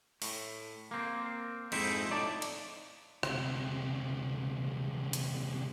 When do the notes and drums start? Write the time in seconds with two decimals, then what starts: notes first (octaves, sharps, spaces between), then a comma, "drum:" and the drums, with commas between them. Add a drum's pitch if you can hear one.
0.22 A2, drum: open hi-hat
0.91 A#3 C4
1.72 F2 G#2 C4 D#4 E4, drum: cymbal
2.10 A2 D#4 D5 A5
2.42 drum: cymbal
3.23 D2 C3, drum: rim click
5.13 drum: hi-hat